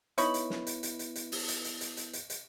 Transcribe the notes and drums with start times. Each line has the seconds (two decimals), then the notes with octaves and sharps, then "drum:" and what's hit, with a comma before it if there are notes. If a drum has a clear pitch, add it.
0.18 B3 D#4 E4 B4 C#5 B5, drum: hi-hat
0.34 drum: hi-hat
0.50 drum: snare
0.67 drum: hi-hat
0.83 drum: hi-hat
0.99 drum: hi-hat
1.15 drum: hi-hat
1.32 drum: open hi-hat
1.48 drum: hi-hat
1.64 drum: hi-hat
1.81 drum: hi-hat
1.97 drum: hi-hat
2.13 drum: hi-hat
2.30 drum: hi-hat